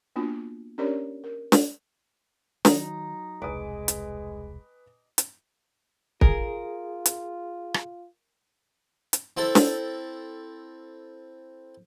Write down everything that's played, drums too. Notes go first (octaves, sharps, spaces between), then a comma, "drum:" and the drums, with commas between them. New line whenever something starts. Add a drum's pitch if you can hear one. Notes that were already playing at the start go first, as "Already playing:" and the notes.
A#3 B3 D4 F4 F#4
C#4 D4 G4 A#4 C#5 D5
A#4
drum: snare
D#3 F#3 D#4, drum: snare
E1 C2 G#3 B4 G#5 D6 D#6
drum: hi-hat
drum: hi-hat
F4 G#4 A#4, drum: kick
drum: hi-hat
drum: rim click
drum: hi-hat
C4 E4 A4
drum: snare